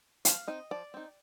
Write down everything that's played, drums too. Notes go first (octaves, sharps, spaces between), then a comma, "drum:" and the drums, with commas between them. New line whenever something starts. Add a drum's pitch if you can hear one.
F3 F5, drum: hi-hat
C4 D#4 D#5
F3 D5
C4 D#4